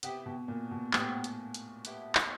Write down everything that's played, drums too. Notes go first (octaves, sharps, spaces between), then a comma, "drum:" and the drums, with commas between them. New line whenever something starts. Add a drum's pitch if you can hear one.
C3 B3 E4 G4, drum: hi-hat
B2
A#2
B2
A2 B3 E4 G4, drum: clap
drum: hi-hat
drum: hi-hat
B3 E4 G4, drum: hi-hat
drum: clap